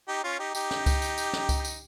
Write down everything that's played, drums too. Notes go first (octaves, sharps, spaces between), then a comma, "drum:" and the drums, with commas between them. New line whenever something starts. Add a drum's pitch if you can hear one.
D#4 G4
C#4 F4
D#4 G4
D#4 G4, drum: tambourine
drum: snare
drum: kick C#2, tambourine
drum: tambourine
drum: tambourine
drum: snare
drum: kick C#2, tambourine
drum: tambourine